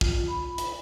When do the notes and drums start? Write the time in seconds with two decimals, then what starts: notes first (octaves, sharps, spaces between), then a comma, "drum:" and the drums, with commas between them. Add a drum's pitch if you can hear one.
0.01 F4, drum: kick
0.28 B5
0.58 drum: hi-hat